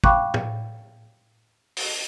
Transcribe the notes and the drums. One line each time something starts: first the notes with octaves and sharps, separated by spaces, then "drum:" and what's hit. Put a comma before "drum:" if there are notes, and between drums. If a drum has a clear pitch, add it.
F5 G5 B5 C#6 D6 F#6, drum: kick
drum: tom
drum: open hi-hat